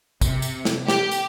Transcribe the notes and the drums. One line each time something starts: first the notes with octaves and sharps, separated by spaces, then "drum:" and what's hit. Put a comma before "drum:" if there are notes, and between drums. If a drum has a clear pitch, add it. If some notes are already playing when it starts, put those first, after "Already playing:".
C3, drum: kick, tambourine
drum: tambourine
drum: snare
G4, drum: snare
drum: tambourine